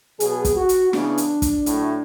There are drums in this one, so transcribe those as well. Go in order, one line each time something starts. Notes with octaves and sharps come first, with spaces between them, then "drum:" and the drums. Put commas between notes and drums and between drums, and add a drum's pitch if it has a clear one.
B2 F#3 B3 G#4, drum: hi-hat
drum: kick, hi-hat
F#4
drum: hi-hat
C#3 E3 B3 D4, drum: snare
drum: hi-hat
drum: kick, hi-hat
A2 F#3 A3, drum: hi-hat